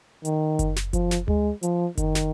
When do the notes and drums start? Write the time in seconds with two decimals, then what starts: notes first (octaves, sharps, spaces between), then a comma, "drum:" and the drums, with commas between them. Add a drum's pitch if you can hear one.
0.25 D#3, drum: hi-hat
0.59 drum: kick F#1, hi-hat
0.76 drum: snare
0.93 F3, drum: kick F#1, hi-hat
1.11 drum: snare
1.28 G#3, drum: tom D2
1.63 F3, drum: hi-hat
1.98 D#3, drum: kick F#1, hi-hat
2.15 drum: snare